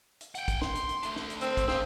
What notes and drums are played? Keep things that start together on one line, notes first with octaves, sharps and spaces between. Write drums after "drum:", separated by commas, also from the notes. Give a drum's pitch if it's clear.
drum: hi-hat
F#5 G5, drum: hi-hat
drum: kick, hi-hat
C6, drum: snare
drum: hi-hat
drum: hi-hat
A3 D4, drum: hi-hat
drum: snare
drum: hi-hat
C4, drum: hi-hat
drum: kick, hi-hat
C4 G#4 F5, drum: snare